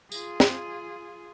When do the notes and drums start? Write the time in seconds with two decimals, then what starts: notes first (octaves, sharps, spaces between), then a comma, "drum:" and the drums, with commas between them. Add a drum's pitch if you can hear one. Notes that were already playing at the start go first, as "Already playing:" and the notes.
0.12 F4 G#4, drum: tambourine
0.40 drum: snare